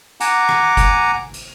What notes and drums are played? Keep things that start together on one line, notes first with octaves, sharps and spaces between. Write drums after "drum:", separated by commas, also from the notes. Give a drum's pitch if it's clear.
F#5 G#5 A#5 D6, drum: hi-hat
drum: rim click
drum: kick F#1, hi-hat
drum: hi-hat